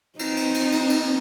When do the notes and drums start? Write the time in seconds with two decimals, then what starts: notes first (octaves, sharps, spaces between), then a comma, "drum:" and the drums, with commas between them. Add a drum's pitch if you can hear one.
0.19 C4 D#4, drum: cymbal
0.37 drum: cymbal
0.54 drum: cymbal
0.72 drum: cymbal
0.90 drum: cymbal